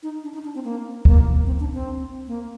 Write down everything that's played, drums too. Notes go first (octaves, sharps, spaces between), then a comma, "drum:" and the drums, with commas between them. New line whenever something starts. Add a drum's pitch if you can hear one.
D#4
D4
D#4
D4
C4
A#3
A#3, drum: kick
C4
D4
C4
A#3